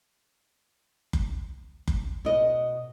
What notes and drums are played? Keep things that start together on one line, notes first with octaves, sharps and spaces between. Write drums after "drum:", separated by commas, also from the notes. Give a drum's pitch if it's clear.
drum: kick F#1
drum: kick F#1
B2 D#5